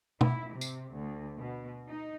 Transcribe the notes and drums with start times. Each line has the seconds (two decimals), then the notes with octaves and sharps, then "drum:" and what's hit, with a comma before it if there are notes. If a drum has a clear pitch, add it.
0.21 E4, drum: tom
0.52 C3
0.61 drum: tambourine
0.92 D2
1.36 B2
1.88 D#4